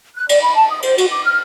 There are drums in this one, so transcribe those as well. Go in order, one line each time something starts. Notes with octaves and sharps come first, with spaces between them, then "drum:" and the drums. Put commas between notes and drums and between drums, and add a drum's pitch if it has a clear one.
F#6
D5, drum: cymbal
B5
A5
D#6
C5, drum: cymbal
F#4, drum: cymbal
D6
F6